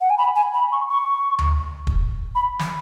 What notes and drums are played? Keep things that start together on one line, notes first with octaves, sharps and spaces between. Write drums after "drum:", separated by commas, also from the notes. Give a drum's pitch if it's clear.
F#5
G#5
B5
G#5
B5
C#6
C#6
drum: tom D2
drum: kick
B5
drum: snare